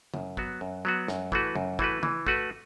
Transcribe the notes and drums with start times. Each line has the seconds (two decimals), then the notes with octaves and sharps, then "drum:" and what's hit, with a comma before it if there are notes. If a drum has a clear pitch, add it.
0.14 F#2, drum: tom C#3
0.37 F#3 B3 F#4, drum: kick
0.61 F#2
0.85 F#3 B3 F#4
1.08 F#2, drum: snare
1.32 E3 A3 F#4 B4, drum: kick
1.55 F#2, drum: tom C#3
1.79 E3 A3 F#4 B4, drum: kick
2.03 E3, drum: tom C#3
2.27 A3 F#4 B4, drum: kick